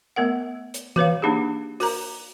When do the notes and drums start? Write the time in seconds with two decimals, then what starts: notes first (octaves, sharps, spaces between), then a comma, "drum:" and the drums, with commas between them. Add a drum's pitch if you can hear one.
0.16 A3 B3 A#4 F#5
0.74 drum: hi-hat
0.96 F#4 B4 C#5 F5, drum: tom E3
1.22 A#3 D4 D#4 G4 G#4
1.80 F#4 A#4 A#5, drum: open hi-hat